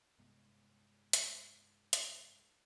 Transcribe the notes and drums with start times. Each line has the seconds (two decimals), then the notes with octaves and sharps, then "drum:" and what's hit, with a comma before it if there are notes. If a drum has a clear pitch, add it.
0.18 G2 C3 G#3 B3
1.13 drum: hi-hat
1.93 drum: hi-hat